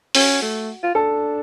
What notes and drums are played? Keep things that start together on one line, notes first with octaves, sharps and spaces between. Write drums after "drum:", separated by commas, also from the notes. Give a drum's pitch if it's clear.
C#4 F#4, drum: open hi-hat
A3
F4
D4 A4